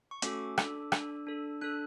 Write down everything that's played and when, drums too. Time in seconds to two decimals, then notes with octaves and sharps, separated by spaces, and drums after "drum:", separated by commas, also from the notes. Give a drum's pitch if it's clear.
0.11 C#6
0.22 A3 C#4 F#4 A4 D6, drum: hi-hat
0.58 D4 A4, drum: rim click
0.92 D4 A4, drum: rim click
1.27 D4 A4
1.61 D4 A4 F#6